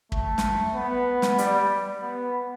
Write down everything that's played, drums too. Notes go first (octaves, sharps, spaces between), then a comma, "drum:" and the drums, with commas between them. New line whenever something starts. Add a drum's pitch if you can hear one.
A3, drum: kick
drum: snare
B3
drum: snare
G3, drum: hi-hat
B3